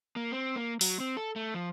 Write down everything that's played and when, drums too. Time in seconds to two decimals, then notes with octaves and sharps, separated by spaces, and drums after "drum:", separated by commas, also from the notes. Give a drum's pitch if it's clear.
0.16 A#3
0.32 C4
0.56 A#3
0.81 F#3, drum: open hi-hat
1.00 C4
1.17 A4
1.36 A3
1.54 F3